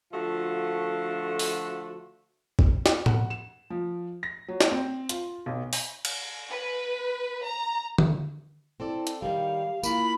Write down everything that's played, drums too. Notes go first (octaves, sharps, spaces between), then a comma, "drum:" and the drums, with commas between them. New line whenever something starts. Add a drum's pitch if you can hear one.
D3 F3 A3 F4 F#4
drum: open hi-hat
drum: kick
drum: snare
F#5, drum: tom A2
E7
F3
A#6
F#3
drum: snare
C4
F4, drum: hi-hat
B1
drum: open hi-hat
drum: cymbal
B4
A#5
drum: tom D3
C4 E4 A4 D5
drum: hi-hat
D#3 G3 G4 F5
A#3 E4 F4 B5, drum: tambourine